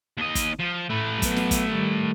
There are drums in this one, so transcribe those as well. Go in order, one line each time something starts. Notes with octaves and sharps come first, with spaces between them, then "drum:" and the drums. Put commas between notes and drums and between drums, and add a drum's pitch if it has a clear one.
D#2 D#5
drum: kick, hi-hat
F3
A2 A3 B4
F#3 B3, drum: kick, hi-hat
drum: snare
drum: kick, hi-hat
D#3 G3